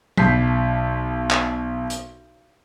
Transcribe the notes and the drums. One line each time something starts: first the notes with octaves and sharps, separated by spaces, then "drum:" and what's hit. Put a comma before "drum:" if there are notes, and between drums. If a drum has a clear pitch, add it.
B1 A5 G6 B6 C7, drum: tom
drum: clap
drum: hi-hat